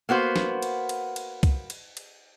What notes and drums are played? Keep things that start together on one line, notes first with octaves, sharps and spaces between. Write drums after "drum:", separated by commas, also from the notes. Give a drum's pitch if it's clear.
A#3 B3 F#4 C5
drum: snare
drum: cymbal
drum: cymbal
drum: cymbal
drum: kick C2, cymbal
drum: cymbal
drum: cymbal